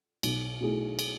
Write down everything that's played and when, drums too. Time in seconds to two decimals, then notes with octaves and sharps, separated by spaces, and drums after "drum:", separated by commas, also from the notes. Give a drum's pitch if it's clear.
0.23 B1, drum: cymbal
0.61 B2 A3 E4 G#4
0.99 drum: cymbal